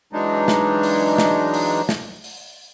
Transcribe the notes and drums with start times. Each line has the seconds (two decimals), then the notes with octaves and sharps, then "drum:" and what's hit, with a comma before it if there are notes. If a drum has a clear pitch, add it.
0.13 E3 F#3 G#3 D4 D#4
0.48 drum: snare
0.83 drum: open hi-hat
1.18 drum: snare
1.54 drum: open hi-hat
1.89 drum: snare
2.24 drum: open hi-hat